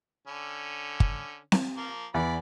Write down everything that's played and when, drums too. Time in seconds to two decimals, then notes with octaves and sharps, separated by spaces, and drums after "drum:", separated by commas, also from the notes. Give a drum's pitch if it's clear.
0.28 D3 C#4
1.00 drum: kick G1
1.52 drum: snare C4
1.77 F3 A#3
2.14 E2 D5 B5